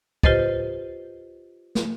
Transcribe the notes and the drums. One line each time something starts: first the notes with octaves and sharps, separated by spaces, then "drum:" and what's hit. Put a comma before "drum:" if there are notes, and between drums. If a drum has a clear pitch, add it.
F4 G4 B4 C5 D#5 A6, drum: kick
drum: snare